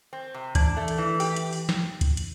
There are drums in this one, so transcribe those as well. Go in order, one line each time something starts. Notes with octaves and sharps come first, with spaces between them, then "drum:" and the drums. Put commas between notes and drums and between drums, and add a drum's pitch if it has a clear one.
C4
C3
E3 D4, drum: kick, hi-hat
A3
drum: hi-hat
E3
G4, drum: open hi-hat
drum: hi-hat
drum: open hi-hat
drum: snare
drum: kick, hi-hat
drum: hi-hat